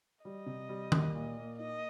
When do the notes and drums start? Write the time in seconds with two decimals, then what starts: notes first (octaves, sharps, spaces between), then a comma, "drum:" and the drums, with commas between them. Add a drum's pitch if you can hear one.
0.24 G3 D#5
0.46 C3
0.69 G3
0.92 A#3, drum: tom D#3
1.15 A#2
1.37 A#3
1.59 D#4 D#5